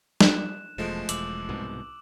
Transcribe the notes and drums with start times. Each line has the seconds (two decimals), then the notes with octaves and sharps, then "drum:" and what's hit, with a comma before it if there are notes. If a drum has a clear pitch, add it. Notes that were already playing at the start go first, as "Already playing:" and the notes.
0.21 F#6 E7, drum: snare
0.78 E1 F3 G#3 A3 D7 E7
1.09 E1 D6 E6 F#7, drum: hi-hat
1.49 C2 G#2 B2